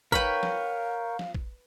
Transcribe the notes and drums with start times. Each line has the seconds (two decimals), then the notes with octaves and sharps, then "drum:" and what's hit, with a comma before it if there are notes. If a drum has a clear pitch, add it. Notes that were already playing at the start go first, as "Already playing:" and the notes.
0.12 A#4 B4 C#5 F5 G5 B5, drum: kick A1
0.43 drum: snare
1.19 drum: snare
1.35 drum: kick A1